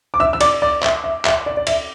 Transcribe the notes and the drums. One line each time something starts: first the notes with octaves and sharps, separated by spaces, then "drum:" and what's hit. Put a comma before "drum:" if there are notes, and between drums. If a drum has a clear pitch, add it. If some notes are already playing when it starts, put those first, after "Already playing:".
D6
E5 E6
E6
D5 D6, drum: cymbal
D5 D6
E5, drum: clap
E5
E5, drum: clap
D5
D5
E5, drum: cymbal